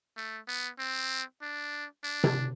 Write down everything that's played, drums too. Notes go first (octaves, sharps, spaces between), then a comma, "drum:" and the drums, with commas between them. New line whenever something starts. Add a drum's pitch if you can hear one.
A3
B3
C4
D4
D4
drum: tom C3